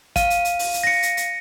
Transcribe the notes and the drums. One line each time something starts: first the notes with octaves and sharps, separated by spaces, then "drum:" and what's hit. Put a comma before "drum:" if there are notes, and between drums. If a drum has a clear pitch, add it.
F5 D#7, drum: kick, hi-hat
drum: hi-hat
drum: hi-hat
drum: open hi-hat
drum: hi-hat
A#6 C#7
drum: hi-hat
drum: hi-hat